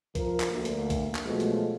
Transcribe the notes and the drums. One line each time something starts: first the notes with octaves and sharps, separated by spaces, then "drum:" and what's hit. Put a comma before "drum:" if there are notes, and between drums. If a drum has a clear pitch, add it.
F3 A#4, drum: kick B1, hi-hat
drum: clap
D2 A#3
drum: hi-hat
drum: kick B1, hi-hat
drum: clap
B2 F3 F#3 G#3 A3
drum: hi-hat